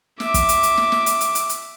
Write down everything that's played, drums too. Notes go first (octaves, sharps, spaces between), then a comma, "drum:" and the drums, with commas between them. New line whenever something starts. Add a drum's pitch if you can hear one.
E5 D6, drum: snare
drum: kick, hi-hat
drum: hi-hat
drum: hi-hat
drum: snare
drum: snare
drum: hi-hat
drum: hi-hat
drum: hi-hat
drum: hi-hat